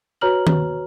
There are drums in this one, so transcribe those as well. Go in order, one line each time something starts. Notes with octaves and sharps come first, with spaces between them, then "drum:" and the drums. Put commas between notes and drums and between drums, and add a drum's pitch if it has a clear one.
F#4 B4 C#5 A#5 F6 F#7
drum: tom D#3